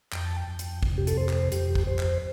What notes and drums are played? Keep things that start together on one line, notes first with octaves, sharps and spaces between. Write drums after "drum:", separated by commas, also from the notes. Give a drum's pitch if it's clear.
F2 G5, drum: clap
A5
G5
F2
drum: hi-hat
C3, drum: kick
G4
A4, drum: hi-hat
F2 C5
drum: clap
F2 G4, drum: hi-hat
drum: kick
F2 C5
drum: clap